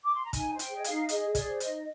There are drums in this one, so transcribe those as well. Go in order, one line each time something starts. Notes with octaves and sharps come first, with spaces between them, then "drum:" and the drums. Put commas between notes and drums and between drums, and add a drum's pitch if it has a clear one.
D6
C6
A#5
D#4 G#5, drum: kick, hi-hat
C5
G5, drum: hi-hat
G#4 D#5
F5, drum: hi-hat
D#4
G#4 D#5, drum: hi-hat
G#4
D5, drum: kick, hi-hat
C5
D#5, drum: hi-hat
D#4